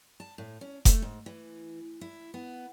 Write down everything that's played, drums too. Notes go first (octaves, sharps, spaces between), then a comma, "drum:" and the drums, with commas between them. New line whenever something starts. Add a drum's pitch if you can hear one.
A5
A2
C#4
A3, drum: kick F1, hi-hat
G#2
E3
E4
B3